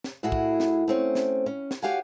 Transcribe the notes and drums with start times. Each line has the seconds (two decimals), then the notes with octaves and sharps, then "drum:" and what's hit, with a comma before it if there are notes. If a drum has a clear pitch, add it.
0.04 drum: snare
0.23 A2 E4 F#4 G#4
0.32 drum: kick
0.60 drum: snare
0.88 A3 C4 C#4
1.15 drum: snare
1.46 C#4
1.71 drum: snare
1.82 F#4 G4 C#5 F5 F#5 G#5